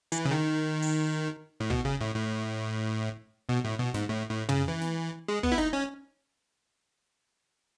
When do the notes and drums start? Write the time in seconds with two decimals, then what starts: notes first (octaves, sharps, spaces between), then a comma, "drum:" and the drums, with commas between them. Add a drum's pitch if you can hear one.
0.12 E3, drum: hi-hat
0.25 C#3
0.31 D#3
0.82 drum: open hi-hat
1.60 A2
1.70 B2, drum: kick
1.85 C#3
2.01 A2
2.15 A2
3.49 B2
3.64 A2
3.79 B2
3.94 G#2, drum: snare
4.09 A2
4.29 A2
4.49 C#3, drum: tom
4.68 E3
4.81 drum: snare
5.28 G#3
5.43 B3, drum: kick
5.52 E4
5.58 D#4, drum: snare
5.73 C#4